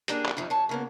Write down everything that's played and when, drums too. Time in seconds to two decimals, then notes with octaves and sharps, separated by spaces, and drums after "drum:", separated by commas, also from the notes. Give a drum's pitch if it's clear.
0.08 A#3 D4 G4 G#4, drum: hi-hat
0.26 drum: clap
0.37 F2 F3 D#4 E4
0.50 C#5 A5
0.69 C#3 A#3 B3